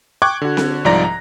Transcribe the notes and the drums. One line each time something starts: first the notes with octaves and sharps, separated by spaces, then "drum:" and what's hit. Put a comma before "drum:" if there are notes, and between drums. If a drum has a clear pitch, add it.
G5 C#6 D6 F#6 G#6
D3 F#4
drum: snare C4
C2 G#2 F3 D5 A#5 A#6
A#5